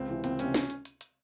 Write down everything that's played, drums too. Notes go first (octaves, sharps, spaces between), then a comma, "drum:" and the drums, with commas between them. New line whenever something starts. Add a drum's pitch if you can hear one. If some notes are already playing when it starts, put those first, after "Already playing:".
Already playing: C#2 C4
C3 E3
C#2 C4, drum: hi-hat
C3 E3 C#4, drum: hi-hat
drum: snare
drum: hi-hat
drum: hi-hat
drum: hi-hat